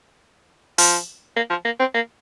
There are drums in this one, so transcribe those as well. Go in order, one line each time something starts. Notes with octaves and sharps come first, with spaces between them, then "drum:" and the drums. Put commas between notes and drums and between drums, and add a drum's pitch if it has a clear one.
F3, drum: open hi-hat
A#3
F3
A#3
C4
A#3